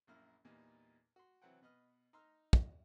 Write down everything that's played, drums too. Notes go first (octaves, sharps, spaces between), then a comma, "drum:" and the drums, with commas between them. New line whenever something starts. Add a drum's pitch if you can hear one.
A#1 F#2 A#3 E4 F6
E2 A#2 G3 A#3 D#4
F#4 C6
C3 E3 F#3 C4 F#5 G5
B2 B4 D#5 F6
D#4 A#5 C6 E6 F6
drum: kick